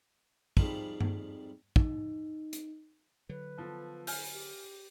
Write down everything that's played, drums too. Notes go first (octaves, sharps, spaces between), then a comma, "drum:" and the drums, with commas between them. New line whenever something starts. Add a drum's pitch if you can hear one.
F2 G#2 G3 F4 A5 B5, drum: kick
drum: tom G2
D#4, drum: kick
drum: hi-hat
D3 F#3 B4
F3 B3 A4
G#5 F6 G6, drum: open hi-hat
G4